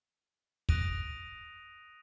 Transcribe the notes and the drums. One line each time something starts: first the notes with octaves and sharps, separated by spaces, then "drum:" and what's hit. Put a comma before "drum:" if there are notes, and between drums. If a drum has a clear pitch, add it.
D#6 F#6 A#6 D7 D#7 F7, drum: kick